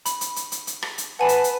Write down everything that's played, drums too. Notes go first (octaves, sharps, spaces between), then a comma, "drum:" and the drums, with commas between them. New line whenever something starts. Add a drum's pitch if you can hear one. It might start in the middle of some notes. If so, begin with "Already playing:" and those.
B5, drum: hi-hat
drum: hi-hat
drum: hi-hat
drum: hi-hat
drum: hi-hat
drum: rim click
drum: hi-hat
B4 F#5 G#5 A5 B5
drum: hi-hat
drum: hi-hat